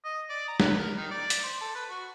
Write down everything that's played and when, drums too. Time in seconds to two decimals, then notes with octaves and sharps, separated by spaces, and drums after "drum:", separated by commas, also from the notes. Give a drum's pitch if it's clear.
0.05 D#5
0.29 D5
0.48 A#5
0.60 B4, drum: snare
0.78 A#4
0.97 D#3
1.11 D5
1.30 drum: hi-hat
1.43 C5
1.61 A4
1.75 B4
1.89 F#4